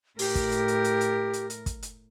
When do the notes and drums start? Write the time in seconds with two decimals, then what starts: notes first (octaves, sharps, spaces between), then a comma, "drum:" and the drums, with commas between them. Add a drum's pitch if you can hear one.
0.19 A2 G4 A#4, drum: open hi-hat
0.35 drum: kick, hi-hat
0.52 drum: hi-hat
0.68 drum: hi-hat
0.84 drum: hi-hat
1.01 drum: hi-hat
1.33 drum: hi-hat
1.50 drum: hi-hat
1.66 drum: kick, hi-hat
1.83 drum: hi-hat